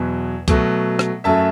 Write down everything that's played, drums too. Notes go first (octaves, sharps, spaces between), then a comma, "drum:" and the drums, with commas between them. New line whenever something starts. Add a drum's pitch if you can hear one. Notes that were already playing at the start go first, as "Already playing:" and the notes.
Already playing: E2 B2 F#3
B2 F#3 A3, drum: kick C2, hi-hat
drum: rim click
F#2 F#3 A3 E5 A5